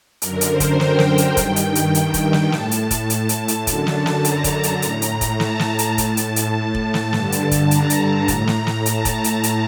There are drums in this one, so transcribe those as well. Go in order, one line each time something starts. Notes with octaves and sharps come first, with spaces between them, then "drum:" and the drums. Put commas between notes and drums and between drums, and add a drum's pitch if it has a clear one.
F#2 D3 A#4, drum: hi-hat
drum: hi-hat
C5
drum: kick, hi-hat
G5, drum: snare
drum: snare
drum: hi-hat
G2 D#3, drum: kick, hi-hat
drum: hi-hat
drum: hi-hat
drum: hi-hat
drum: kick, hi-hat
drum: snare
A2 A5, drum: snare
drum: hi-hat
drum: kick, hi-hat
drum: hi-hat
drum: hi-hat
drum: hi-hat
F#2 D3, drum: kick, hi-hat
drum: snare
drum: snare
A#5, drum: hi-hat
drum: kick, hi-hat
drum: hi-hat
A2, drum: hi-hat
drum: hi-hat
drum: kick, hi-hat
A5, drum: snare
drum: snare
drum: hi-hat
A2, drum: kick, hi-hat
drum: hi-hat
drum: hi-hat
drum: kick
drum: snare
G2 D3, drum: snare
drum: hi-hat
drum: kick, hi-hat
A#5, drum: hi-hat
drum: hi-hat
A2, drum: kick, hi-hat
drum: snare
drum: snare
A5, drum: hi-hat
drum: kick, hi-hat
drum: hi-hat
drum: hi-hat